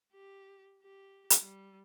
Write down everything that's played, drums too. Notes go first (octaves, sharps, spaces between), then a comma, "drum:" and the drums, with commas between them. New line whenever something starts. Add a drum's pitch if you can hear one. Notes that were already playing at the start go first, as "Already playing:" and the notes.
G4
G4
drum: hi-hat
G3